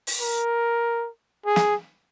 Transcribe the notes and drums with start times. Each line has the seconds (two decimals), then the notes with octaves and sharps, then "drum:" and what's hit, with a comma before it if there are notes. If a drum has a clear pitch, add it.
0.07 drum: open hi-hat
0.21 A#4
1.46 G#4
1.56 drum: snare